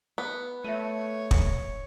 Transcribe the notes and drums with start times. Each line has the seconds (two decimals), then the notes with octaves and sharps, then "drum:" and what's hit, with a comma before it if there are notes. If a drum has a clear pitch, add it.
0.18 B3
0.64 A3 C#5 E5 D#7
1.31 drum: kick